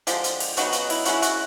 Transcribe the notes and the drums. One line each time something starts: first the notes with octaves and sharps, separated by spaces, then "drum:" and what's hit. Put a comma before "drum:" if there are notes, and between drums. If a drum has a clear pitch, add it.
D3 F3 G#3 G4, drum: hi-hat
drum: hi-hat
drum: open hi-hat
C#3 F#3 B3 D#4 F#4, drum: hi-hat
F#4, drum: hi-hat
E4, drum: open hi-hat
E3 G#3 C#4 E4 F#4, drum: hi-hat
F#4, drum: hi-hat